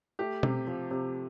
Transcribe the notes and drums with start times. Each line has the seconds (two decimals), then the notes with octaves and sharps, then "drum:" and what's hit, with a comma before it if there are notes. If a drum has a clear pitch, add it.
0.19 A3 G4
0.43 C3, drum: tom B2
0.67 F3
0.91 C3